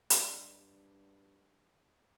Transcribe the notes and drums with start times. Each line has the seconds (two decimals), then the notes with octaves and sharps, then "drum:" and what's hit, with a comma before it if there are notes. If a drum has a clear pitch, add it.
0.10 G2 D5 D#5 C6, drum: hi-hat